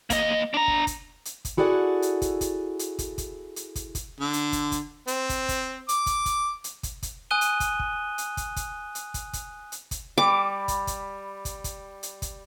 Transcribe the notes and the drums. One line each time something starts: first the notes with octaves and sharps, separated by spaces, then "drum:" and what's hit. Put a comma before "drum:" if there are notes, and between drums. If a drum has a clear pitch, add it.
A#3 D#5, drum: kick, hi-hat
D4 A#5
drum: kick
drum: kick, hi-hat
drum: hi-hat
drum: kick, hi-hat
E4 F#4 G#4 A4 D5 F#5
drum: hi-hat
drum: kick, hi-hat
drum: kick, hi-hat
drum: hi-hat
drum: kick, hi-hat
drum: kick, hi-hat
drum: hi-hat
drum: kick, hi-hat
drum: kick, hi-hat
D3
drum: hi-hat
drum: kick, hi-hat
drum: kick, hi-hat
C4, drum: hi-hat
drum: kick, hi-hat
drum: kick, hi-hat
D6, drum: hi-hat
drum: kick, hi-hat
drum: kick, hi-hat
drum: hi-hat
drum: kick, hi-hat
drum: kick, hi-hat
G#5 D#6 F#6 D#7 G7
drum: hi-hat
drum: kick, hi-hat
drum: kick
drum: hi-hat
drum: kick, hi-hat
drum: kick, hi-hat
drum: hi-hat
drum: kick, hi-hat
drum: kick, hi-hat
drum: hi-hat
drum: kick, hi-hat
G3 D6
drum: kick, hi-hat
drum: kick, hi-hat
drum: kick, hi-hat
drum: kick, hi-hat
drum: hi-hat
drum: kick, hi-hat